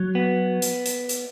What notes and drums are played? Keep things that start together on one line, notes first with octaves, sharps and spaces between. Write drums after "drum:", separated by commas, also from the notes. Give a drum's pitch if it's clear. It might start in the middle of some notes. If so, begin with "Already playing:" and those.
Already playing: F#3
B3
drum: hi-hat
drum: hi-hat
drum: hi-hat